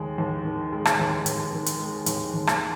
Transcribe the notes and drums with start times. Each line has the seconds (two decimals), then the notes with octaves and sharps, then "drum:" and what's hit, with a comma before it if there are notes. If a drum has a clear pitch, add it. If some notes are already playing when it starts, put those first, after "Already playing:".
Already playing: D#2 G#3
0.18 D#2
0.45 D#3
0.73 G#3
0.85 drum: rim click
0.99 D#2
1.26 D#2, drum: hi-hat
1.53 D#3
1.66 drum: hi-hat
1.79 G#3
2.06 D#2, drum: hi-hat
2.34 D#2
2.47 drum: rim click